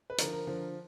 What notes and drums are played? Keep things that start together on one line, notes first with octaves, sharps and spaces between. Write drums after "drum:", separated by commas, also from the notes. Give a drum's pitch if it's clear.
B4
D3 F3 A#4, drum: hi-hat
A#4
D3 F3